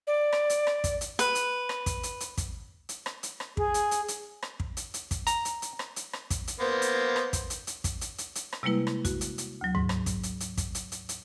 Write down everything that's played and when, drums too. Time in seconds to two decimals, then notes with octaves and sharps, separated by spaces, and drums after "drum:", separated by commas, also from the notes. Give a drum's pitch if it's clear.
0.07 D5
0.32 drum: rim click
0.50 drum: hi-hat
0.67 drum: rim click
0.84 drum: kick, hi-hat
1.01 drum: hi-hat
1.19 B4, drum: hi-hat
1.35 drum: hi-hat
1.69 drum: rim click
1.86 drum: kick, hi-hat
2.03 drum: hi-hat
2.20 drum: hi-hat
2.37 drum: kick, hi-hat
2.89 drum: hi-hat
3.06 drum: rim click
3.23 drum: hi-hat
3.40 drum: rim click
3.57 G#4, drum: kick
3.74 drum: hi-hat
3.91 drum: hi-hat
4.08 drum: hi-hat
4.42 drum: rim click
4.60 drum: kick
4.77 drum: hi-hat
4.94 drum: hi-hat
5.11 drum: kick, hi-hat
5.27 A#5, drum: hi-hat
5.45 drum: hi-hat
5.62 drum: hi-hat
5.79 drum: rim click
5.96 drum: hi-hat
6.13 drum: rim click
6.30 drum: kick, hi-hat
6.48 drum: hi-hat
6.60 A#3 B3 C5
6.82 drum: hi-hat
7.16 drum: rim click
7.33 drum: kick, hi-hat
7.50 drum: hi-hat
7.67 drum: hi-hat
7.84 drum: kick, hi-hat
8.01 drum: hi-hat
8.18 drum: hi-hat
8.35 drum: hi-hat
8.53 drum: rim click
8.63 C3 G3 G#3 A#3 E4 B4
8.87 drum: rim click
9.05 F#4, drum: kick, hi-hat
9.21 drum: hi-hat
9.38 drum: hi-hat
9.61 D2 F#3
9.75 G#2, drum: tom D2
9.89 drum: rim click
10.06 drum: kick, hi-hat
10.23 drum: hi-hat
10.40 drum: hi-hat
10.58 drum: kick, hi-hat
10.75 drum: hi-hat
10.92 drum: hi-hat
11.09 drum: hi-hat